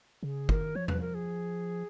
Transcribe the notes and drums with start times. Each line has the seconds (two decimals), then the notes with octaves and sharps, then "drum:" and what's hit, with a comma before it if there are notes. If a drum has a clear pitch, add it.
0.23 C#3 G#4
0.49 D#3 A#4, drum: kick
0.75 F3 C#5
0.88 B4, drum: tom E2
1.01 A#4
1.14 G#4